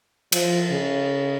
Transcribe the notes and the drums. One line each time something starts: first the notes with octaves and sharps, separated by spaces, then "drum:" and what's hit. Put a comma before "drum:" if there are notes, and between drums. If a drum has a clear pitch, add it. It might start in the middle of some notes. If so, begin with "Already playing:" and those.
F3, drum: cymbal
C#3